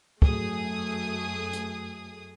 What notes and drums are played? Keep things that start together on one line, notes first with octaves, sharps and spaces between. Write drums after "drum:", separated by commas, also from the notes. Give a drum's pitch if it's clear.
F#2 A3 G#4 D#6, drum: kick
drum: hi-hat